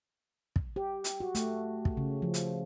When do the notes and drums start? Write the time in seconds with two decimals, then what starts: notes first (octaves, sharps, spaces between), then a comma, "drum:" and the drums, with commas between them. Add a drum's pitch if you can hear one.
0.56 drum: kick
0.76 G4
1.04 drum: hi-hat
1.20 F#4
1.35 A3, drum: hi-hat
1.85 drum: kick
1.97 C#3
2.22 F3
2.34 drum: hi-hat